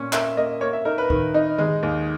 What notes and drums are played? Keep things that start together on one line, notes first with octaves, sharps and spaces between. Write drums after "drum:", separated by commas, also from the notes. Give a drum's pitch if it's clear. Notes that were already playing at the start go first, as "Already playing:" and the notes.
Already playing: A#2 C#4
A#3 E5, drum: clap
A#3 D#5
A#3 C#5
E5
D#4 A#4
B4
D#3, drum: kick
D#4
G#3, drum: tom D#3
D#2